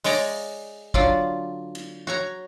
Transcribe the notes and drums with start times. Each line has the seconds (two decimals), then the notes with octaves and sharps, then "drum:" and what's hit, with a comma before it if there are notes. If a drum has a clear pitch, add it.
0.04 G#3 C#5 D5 A#5, drum: open hi-hat
0.94 D3 F#3 F4 D5, drum: kick
1.75 drum: cymbal
2.07 F#4 C#5 A#5